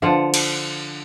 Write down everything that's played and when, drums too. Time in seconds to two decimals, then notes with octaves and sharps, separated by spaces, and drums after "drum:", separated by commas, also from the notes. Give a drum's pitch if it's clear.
0.02 D3 F3 F4 F#5
0.34 drum: cymbal